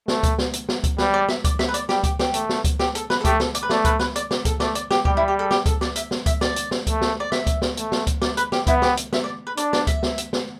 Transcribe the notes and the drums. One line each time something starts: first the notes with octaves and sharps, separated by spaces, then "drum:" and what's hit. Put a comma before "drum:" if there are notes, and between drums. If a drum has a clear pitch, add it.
A3, drum: snare
drum: kick C#2, hi-hat
drum: snare
drum: hi-hat
drum: snare
drum: kick C#2, hi-hat
G3 B4, drum: snare
D5
E5, drum: snare
D5, drum: kick C#2, hi-hat
E5, drum: snare
B4
D5, drum: hi-hat
G3 G4, drum: snare
G4, drum: kick C#2, hi-hat
G4, drum: snare
A3, drum: hi-hat
drum: snare
drum: kick C#2, hi-hat
G4, drum: snare
A4, drum: hi-hat
B4, drum: snare
A4
A3 G4, drum: kick C#2, hi-hat
A4, drum: snare
D5, drum: hi-hat
B4
A3 D5, drum: snare
B4, drum: kick C#2, hi-hat
B4, drum: snare
D5, drum: hi-hat
D5, drum: snare
A4, drum: kick C#2, hi-hat
A3 D5, drum: snare
D5, drum: hi-hat
G4, drum: snare
G3 G4, drum: kick C#2
E4
G4
A4
G4, drum: snare
A4, drum: kick C#2, hi-hat
D5, drum: snare
E5, drum: hi-hat
drum: snare
E5, drum: kick C#2, hi-hat
D5, drum: snare
drum: hi-hat
drum: snare
A3, drum: kick C#2, hi-hat
drum: snare
D5
E5, drum: snare
drum: kick C#2, hi-hat
drum: snare
A3, drum: hi-hat
drum: snare
drum: kick C#2, hi-hat
D5, drum: snare
B4, drum: hi-hat
G4, drum: snare
B3 E4, drum: kick C#2, hi-hat
G4, drum: snare
drum: hi-hat
E5, drum: snare
D5
B4
D4 D5, drum: hi-hat
D5, drum: snare
E5, drum: kick C#2, hi-hat
drum: snare
drum: hi-hat
drum: snare